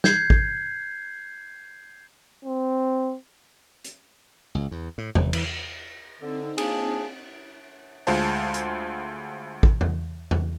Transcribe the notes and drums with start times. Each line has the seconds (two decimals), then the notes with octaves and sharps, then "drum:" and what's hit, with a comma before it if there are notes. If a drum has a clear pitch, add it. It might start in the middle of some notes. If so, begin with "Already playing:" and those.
0.04 G6 G#6 C7, drum: snare
0.30 drum: kick
2.45 C4
3.85 drum: hi-hat
4.55 C#2
4.71 E2
4.98 A2
5.15 F1, drum: tom E2
5.33 E3, drum: cymbal
6.19 D3 C4 D#4
6.58 F3 A#3 D4 G#4, drum: cymbal
8.07 D2 G#3 F4 C5 A5, drum: open hi-hat
8.54 drum: hi-hat
9.63 drum: kick
9.81 drum: tom E2
10.31 drum: tom E2